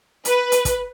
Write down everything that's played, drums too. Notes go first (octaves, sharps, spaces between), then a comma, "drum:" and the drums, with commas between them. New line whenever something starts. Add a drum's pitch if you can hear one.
B4, drum: hi-hat
drum: hi-hat
drum: kick, hi-hat